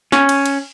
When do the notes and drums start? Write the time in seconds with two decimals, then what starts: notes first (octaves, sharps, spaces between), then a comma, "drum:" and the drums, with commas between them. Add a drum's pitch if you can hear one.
0.12 C#4, drum: snare
0.29 drum: cymbal
0.46 drum: cymbal